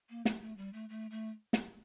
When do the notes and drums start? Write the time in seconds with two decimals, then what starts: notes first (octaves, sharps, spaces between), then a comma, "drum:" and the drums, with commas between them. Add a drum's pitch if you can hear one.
0.10 A#3
0.25 A3, drum: snare
0.41 A3
0.57 G3
0.73 A3
0.89 A3
1.11 A3
1.53 drum: snare